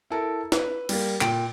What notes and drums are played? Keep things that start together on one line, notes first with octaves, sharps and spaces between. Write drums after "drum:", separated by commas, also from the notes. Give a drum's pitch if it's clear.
E4 A4 A#4
B4, drum: snare
G3 A#3, drum: cymbal
A#2 G5 D7, drum: clap